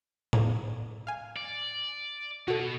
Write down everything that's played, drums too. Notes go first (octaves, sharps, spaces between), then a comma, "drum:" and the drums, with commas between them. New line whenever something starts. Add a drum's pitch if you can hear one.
drum: tom A2
F5 G#5
D5
B2 F#4 A4